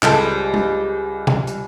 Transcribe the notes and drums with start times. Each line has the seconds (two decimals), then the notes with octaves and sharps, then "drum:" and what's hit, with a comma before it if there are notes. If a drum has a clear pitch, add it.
0.03 C#2 G3 G#4 A4 C5, drum: clap
0.54 drum: tom
1.27 drum: tom B2
1.47 drum: hi-hat